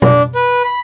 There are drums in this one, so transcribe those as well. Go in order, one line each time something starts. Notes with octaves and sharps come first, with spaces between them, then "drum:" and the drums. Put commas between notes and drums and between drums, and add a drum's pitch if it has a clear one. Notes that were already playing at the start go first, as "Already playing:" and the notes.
D4, drum: tom B2
B4
B5